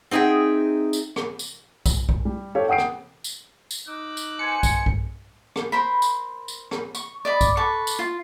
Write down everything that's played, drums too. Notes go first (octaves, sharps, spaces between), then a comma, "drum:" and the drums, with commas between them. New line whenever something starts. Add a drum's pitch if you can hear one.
C4 D#4 G#4 E5 G5
drum: tambourine
drum: rim click
drum: tambourine
drum: kick B1, tambourine
drum: kick B1
G3
G4 A4 C5 C#5 F5
F#5 G5 D#6 C7 D7
drum: rim click
drum: tambourine
drum: tambourine
D#4 D6 E6 F#6
drum: tambourine
B2 C5 G#5 C#7
drum: kick B1, tambourine
drum: kick B1
drum: rim click
A#4 C5 B5
drum: tambourine
drum: tambourine
drum: rim click
C#6, drum: tambourine
D5 D#5 B5
drum: kick B1, tambourine
A4 B4 C#6 D6
drum: tambourine
F4